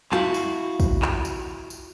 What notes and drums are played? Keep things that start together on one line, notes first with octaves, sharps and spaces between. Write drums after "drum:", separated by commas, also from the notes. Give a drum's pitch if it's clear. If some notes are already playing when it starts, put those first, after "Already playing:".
E4 F#4 F5, drum: clap
drum: tambourine
drum: kick, tambourine
drum: clap
drum: tambourine
drum: tambourine